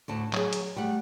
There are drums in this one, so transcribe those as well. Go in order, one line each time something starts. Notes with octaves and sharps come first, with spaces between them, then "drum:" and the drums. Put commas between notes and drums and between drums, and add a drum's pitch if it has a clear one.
D2 A2 A5
F#3 G#4, drum: clap
drum: hi-hat
G3 A3 F#5